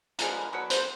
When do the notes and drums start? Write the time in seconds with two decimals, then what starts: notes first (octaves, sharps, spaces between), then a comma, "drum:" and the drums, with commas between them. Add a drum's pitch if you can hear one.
0.19 D3 F3 G#3 B3 A#4, drum: hi-hat
0.30 B4
0.41 A#4
0.53 D3 F#3 B3 D4 B4
0.70 C5, drum: hi-hat